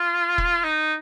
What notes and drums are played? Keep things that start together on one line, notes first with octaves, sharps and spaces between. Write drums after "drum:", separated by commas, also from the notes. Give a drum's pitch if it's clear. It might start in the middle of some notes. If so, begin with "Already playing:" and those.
Already playing: F4
drum: kick E1
D#4